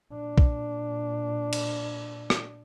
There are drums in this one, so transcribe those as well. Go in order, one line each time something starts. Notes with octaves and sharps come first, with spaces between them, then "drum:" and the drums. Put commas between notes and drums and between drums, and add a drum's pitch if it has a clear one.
A#2 D4
drum: kick B1
drum: cymbal
drum: rim click